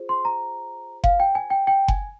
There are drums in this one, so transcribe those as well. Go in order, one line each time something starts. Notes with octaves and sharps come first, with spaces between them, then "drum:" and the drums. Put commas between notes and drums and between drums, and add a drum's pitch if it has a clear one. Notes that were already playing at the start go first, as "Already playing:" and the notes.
Already playing: F4 G#4 C5
C6
A#5
F5, drum: kick F#1
G5
G#5
G5
G5
G#5, drum: kick F#1